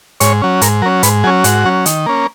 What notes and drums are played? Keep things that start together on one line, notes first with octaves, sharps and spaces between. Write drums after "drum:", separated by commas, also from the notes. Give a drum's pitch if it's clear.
G#2 C#5, drum: hi-hat
F#3 C#4
G#2 A#4, drum: hi-hat
F#3 C#4 A#4
G#2 B4, drum: hi-hat
F#3 C#4 G#4
G#2 F#4, drum: hi-hat
F#3 C#4
D#3, drum: hi-hat
A#3 C#4